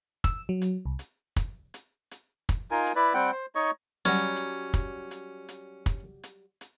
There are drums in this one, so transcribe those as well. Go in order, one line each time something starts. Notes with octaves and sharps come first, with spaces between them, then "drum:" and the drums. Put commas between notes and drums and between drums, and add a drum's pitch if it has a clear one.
E6, drum: kick, hi-hat
F#3
drum: hi-hat
C2
drum: hi-hat
drum: kick, hi-hat
drum: hi-hat
drum: hi-hat
drum: kick, hi-hat
D#4 F4 A#4 G#5
drum: hi-hat
E4 B4 D5
G3 C4 F#5 G5
C5
D#4 C#5 D#5 C#6
F#3 G3 C#4
drum: hi-hat
drum: kick, hi-hat
drum: hi-hat
drum: hi-hat
drum: kick, hi-hat
drum: hi-hat
drum: hi-hat